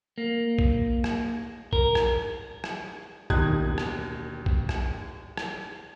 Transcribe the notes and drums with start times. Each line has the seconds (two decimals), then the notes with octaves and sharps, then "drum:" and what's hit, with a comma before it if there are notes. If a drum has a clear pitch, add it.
0.18 A#3
0.59 drum: kick A#1
1.04 drum: rim click
1.73 A#4, drum: kick A#1
1.95 drum: rim click
2.64 drum: rim click
3.30 E1 D#2 D#6 F#6 G#6, drum: kick A#1
3.78 drum: rim click
4.46 drum: kick A#1
4.69 drum: rim click
5.37 drum: rim click